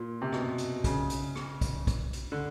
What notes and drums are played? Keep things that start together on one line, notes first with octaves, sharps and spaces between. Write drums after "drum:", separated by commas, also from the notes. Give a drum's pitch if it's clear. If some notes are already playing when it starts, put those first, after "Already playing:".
Already playing: A#2
C3
B2, drum: rim click
drum: hi-hat
C#3, drum: kick, hi-hat
drum: hi-hat
drum: rim click
drum: kick, hi-hat
drum: kick, hi-hat
drum: hi-hat
D3